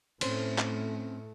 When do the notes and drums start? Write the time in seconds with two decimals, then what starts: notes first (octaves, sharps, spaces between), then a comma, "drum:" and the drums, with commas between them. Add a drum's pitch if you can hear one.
0.21 A2 A3 C4 C#4 C5, drum: cymbal
0.58 drum: clap